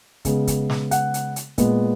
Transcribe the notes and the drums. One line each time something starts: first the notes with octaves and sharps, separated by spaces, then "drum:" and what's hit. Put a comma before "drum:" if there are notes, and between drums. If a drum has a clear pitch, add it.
C#3 G#3 B3, drum: kick, hi-hat
drum: kick, hi-hat
drum: snare
F#5, drum: hi-hat
drum: hi-hat
drum: hi-hat
A#2 G#3 B3, drum: kick, hi-hat